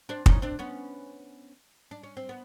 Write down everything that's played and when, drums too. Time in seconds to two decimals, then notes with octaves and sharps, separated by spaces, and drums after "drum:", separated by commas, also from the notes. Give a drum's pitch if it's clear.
0.09 C4 D4
0.26 C#4 D#4, drum: kick
0.42 C4 D4
0.59 B3 C#4
1.91 D4
2.03 C#4
2.17 C4
2.29 B3